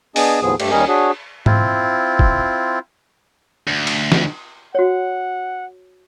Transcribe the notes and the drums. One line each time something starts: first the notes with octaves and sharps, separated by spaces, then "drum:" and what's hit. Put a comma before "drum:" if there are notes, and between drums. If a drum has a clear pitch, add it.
B3 D4 G#4 D#5 G#5 A5, drum: open hi-hat
D#2 A2 F3 B3 G#4
G2 A3 G4, drum: cymbal
D#2 G3 C#4 A#4 D#5 G#5
D4 F#4 G#4 C#5
C4 E4 F4, drum: tom G#2
drum: kick
D2
drum: cymbal
drum: snare
F#4 C#5 F#5